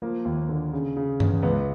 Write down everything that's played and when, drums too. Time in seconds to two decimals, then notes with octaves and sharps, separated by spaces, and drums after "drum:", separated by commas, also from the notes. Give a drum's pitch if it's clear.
0.02 F3 A#3
0.25 D#2
0.49 D3
0.73 C#3
0.97 C#3
1.20 E2, drum: tom G2
1.43 C#2 B3